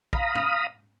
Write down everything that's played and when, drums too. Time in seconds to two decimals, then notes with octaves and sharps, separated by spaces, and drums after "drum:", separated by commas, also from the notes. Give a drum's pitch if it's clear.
0.13 F5 A#5 B5 D#6, drum: kick A#1
0.35 drum: tom